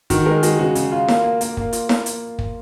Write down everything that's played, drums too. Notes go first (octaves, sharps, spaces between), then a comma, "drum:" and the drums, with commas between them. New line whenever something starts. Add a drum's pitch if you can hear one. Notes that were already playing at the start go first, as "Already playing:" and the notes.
D#3 F#4, drum: kick, hi-hat
G#3 A#4
G#3 F#4, drum: hi-hat
C#3 F#4
C#3, drum: hi-hat
F4
A#3, drum: snare E4
A#3
A#3, drum: hi-hat
A#3, drum: kick
F4, drum: hi-hat
A#3, drum: snare E4
drum: hi-hat
drum: kick